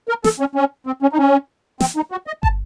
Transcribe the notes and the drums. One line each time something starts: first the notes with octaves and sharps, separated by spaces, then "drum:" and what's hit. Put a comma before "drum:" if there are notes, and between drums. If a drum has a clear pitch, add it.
A#4
A4, drum: snare
C#4
C#4
C4
C#4
D#4
C#4
C4, drum: snare
D#4
F#4
D#5
A5, drum: kick